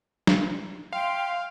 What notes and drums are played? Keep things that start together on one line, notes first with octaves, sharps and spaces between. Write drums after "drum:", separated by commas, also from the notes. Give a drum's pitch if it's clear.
drum: snare
E5 F5 G5 C6